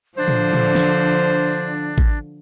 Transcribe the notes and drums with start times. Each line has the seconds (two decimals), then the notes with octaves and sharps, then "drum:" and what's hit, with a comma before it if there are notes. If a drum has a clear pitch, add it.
0.18 D3 F3 D4 C5
0.28 drum: tom A2
0.53 drum: tom A2
0.75 drum: snare
1.98 drum: kick